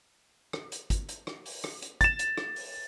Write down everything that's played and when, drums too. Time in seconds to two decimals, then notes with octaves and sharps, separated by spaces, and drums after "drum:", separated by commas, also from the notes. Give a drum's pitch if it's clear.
0.53 drum: rim click
0.72 drum: hi-hat
0.90 drum: kick, hi-hat
1.09 drum: hi-hat
1.27 drum: rim click
1.45 drum: open hi-hat
1.64 drum: rim click
1.82 drum: hi-hat
2.01 A6 E7, drum: kick, hi-hat
2.19 drum: hi-hat
2.38 drum: rim click
2.56 drum: open hi-hat